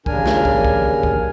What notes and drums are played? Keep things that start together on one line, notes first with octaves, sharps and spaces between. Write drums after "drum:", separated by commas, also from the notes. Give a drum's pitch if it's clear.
D#2 C#3 D4 A#4 G#5, drum: kick
drum: snare
drum: kick
drum: kick
drum: kick